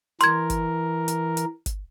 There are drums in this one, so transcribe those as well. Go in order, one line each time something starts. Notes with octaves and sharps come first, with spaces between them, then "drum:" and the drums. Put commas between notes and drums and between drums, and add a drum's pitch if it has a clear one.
E3 A#4 C6 G#6, drum: hi-hat
drum: kick G1, hi-hat
drum: hi-hat
drum: hi-hat
drum: kick G1, hi-hat